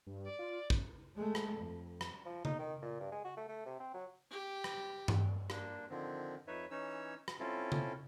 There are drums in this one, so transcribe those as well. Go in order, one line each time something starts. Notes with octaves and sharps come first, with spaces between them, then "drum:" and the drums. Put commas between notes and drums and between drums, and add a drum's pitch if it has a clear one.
G2
D5
F4
F#2, drum: kick
G#3 A3
drum: rim click
F2
drum: rim click
F3
D#4, drum: tom C#3
D#3
A#2
G2
G#3
F#4
A3
A3
C3
C4
F#3
G4
drum: rim click
drum: tom G2
A#3 D4, drum: rim click
D3 D#3 F3 C4
F2 D#4 B4 C#5 E5
E3 C#4 D#4 C#5 E6
drum: rim click
C4 C#4 E4 F4 A4
drum: tom C#3